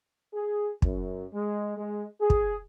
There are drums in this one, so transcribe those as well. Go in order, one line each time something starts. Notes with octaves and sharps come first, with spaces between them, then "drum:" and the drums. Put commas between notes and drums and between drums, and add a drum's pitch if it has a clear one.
G#4
F#2, drum: kick
G#3
G#3
G#4
drum: kick